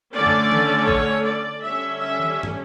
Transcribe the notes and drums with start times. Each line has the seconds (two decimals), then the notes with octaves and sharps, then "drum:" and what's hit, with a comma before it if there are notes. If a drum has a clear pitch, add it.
0.14 D3 A3 C#4 D5
0.26 drum: tom F#2
0.52 drum: tom D#3
0.88 C#5, drum: kick G#1
1.25 D5
1.63 D3 G3 C#4 E5
1.99 E5
2.20 drum: tom D#3
2.43 drum: tom